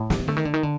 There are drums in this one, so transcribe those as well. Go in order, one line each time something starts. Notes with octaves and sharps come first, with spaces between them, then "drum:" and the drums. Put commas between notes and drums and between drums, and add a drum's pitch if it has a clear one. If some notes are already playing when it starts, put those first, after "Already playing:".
Already playing: A2
D3, drum: snare
D#3
D3 A3
D#3
D3
D#3
D3